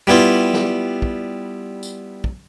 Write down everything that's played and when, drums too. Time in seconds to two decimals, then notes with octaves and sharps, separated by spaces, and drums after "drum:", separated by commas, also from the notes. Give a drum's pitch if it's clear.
0.07 G3 B3 E4 F4
0.54 drum: snare
1.02 drum: kick
1.83 drum: tambourine
2.24 drum: kick